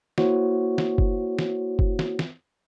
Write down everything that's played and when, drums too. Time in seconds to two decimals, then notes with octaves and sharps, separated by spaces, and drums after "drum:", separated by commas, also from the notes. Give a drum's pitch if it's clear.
0.18 A#3 E4 F#4 C5 C#5, drum: snare
0.78 drum: snare
0.98 drum: kick F#1
1.39 drum: snare
1.79 drum: kick F#1
1.99 drum: snare
2.19 drum: snare